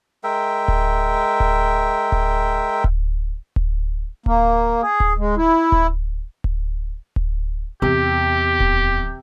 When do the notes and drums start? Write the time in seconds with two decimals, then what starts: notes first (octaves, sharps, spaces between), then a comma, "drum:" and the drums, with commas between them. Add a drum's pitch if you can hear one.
0.24 G#3 A#4 E5 G5
0.68 drum: kick D1
1.40 drum: kick D1
2.12 drum: kick D1
2.84 drum: kick D1
3.56 drum: kick D1
4.26 A#3, drum: kick D1
4.82 G#4
5.00 drum: kick D1
5.18 G#3
5.37 E4
5.72 drum: kick D1
6.44 drum: kick D1
7.16 drum: kick D1
7.82 E2 C3 G4
8.60 drum: kick D1